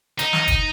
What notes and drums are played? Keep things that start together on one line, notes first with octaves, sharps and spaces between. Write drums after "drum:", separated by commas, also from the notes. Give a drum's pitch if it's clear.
D#4, drum: hi-hat
drum: snare
drum: kick, hi-hat